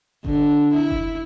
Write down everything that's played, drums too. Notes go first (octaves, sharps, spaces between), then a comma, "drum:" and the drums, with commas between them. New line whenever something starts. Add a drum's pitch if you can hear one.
D3, drum: kick F#1
E4
drum: kick F#1